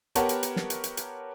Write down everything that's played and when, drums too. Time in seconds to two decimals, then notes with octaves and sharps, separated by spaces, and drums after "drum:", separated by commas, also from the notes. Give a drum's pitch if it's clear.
0.15 B3 G4 A#4 C#5 F#5 A5, drum: hi-hat
0.29 drum: hi-hat
0.43 drum: hi-hat
0.56 drum: snare
0.70 drum: hi-hat
0.84 drum: hi-hat
0.97 drum: hi-hat